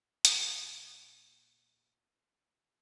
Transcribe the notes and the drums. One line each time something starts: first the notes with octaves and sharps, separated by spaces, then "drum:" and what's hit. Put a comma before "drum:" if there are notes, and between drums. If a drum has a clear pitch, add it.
A#2 G3, drum: hi-hat